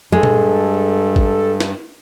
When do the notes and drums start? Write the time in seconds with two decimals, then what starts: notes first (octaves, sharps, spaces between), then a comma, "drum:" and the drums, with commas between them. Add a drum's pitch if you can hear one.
0.12 G2 G#3 A4
0.23 drum: tom A#2
1.16 drum: kick G#1
1.60 drum: snare